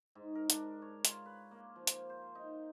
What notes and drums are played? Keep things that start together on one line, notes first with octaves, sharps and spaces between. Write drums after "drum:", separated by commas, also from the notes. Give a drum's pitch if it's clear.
G#2
A#4
D4, drum: hi-hat
C#5
F4, drum: hi-hat
B4
A#3
F3
drum: hi-hat
C5
D#4